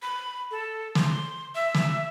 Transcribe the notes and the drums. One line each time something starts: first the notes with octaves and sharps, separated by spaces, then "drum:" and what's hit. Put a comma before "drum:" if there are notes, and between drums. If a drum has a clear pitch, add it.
B5
A4
C6, drum: snare
E5
drum: snare